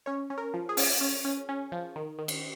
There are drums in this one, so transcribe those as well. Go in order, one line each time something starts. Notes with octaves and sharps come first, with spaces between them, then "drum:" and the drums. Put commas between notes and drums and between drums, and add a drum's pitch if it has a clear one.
C#4 C#5
C#4
A#4
F3
G#4
C#4, drum: open hi-hat
C#4
C#4
C#4
F3
D#3
D#3
drum: cymbal